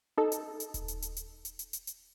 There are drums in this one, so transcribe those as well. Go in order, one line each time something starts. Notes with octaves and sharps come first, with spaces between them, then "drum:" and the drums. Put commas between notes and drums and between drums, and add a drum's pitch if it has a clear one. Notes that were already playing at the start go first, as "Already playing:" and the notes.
D#4 A4
drum: hi-hat
drum: hi-hat
drum: kick D#1, hi-hat
drum: hi-hat
drum: hi-hat
drum: hi-hat
drum: hi-hat
drum: hi-hat
drum: hi-hat
drum: hi-hat